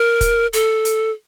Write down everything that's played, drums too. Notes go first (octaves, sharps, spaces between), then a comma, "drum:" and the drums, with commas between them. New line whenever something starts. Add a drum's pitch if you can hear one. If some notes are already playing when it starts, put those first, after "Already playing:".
Already playing: A#4
drum: kick, hi-hat
A4, drum: hi-hat
drum: hi-hat